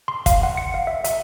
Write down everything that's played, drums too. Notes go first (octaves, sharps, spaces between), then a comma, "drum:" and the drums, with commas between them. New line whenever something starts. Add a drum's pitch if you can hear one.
C6
F5, drum: kick, hi-hat
F#5
C#7
F5
E5
E5, drum: hi-hat